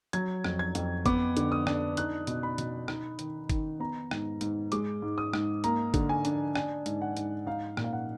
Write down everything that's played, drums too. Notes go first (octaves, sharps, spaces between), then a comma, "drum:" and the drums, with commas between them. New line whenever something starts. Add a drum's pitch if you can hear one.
F#3 G#6, drum: hi-hat
F2, drum: rim click
G#6
F2, drum: hi-hat
B3 D6, drum: kick G1, hi-hat
D3, drum: hi-hat
D#6
D4, drum: rim click
D#4 F#6, drum: hi-hat
B2, drum: hi-hat
B5
B2, drum: hi-hat
D#4, drum: rim click
D#3, drum: hi-hat
D#3, drum: kick G1, hi-hat
B3 A#5
G#2, drum: rim click
G#2, drum: hi-hat
G#3 D6, drum: hi-hat
G#2
D#6
G#2, drum: rim click
A#3 A#5, drum: hi-hat
D3, drum: kick G1, hi-hat
G#5
D4, drum: hi-hat
D4 G#5, drum: rim click
G#2, drum: hi-hat
F#5
G#2, drum: hi-hat
D#4 F5
A#2, drum: rim click
F5
F#5